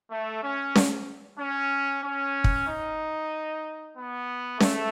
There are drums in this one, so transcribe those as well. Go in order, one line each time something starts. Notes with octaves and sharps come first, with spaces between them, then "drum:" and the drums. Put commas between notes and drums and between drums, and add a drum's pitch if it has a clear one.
A3
C#4
drum: snare C#4
C#4
C#4
drum: kick
D#4
B3
A3, drum: snare C#4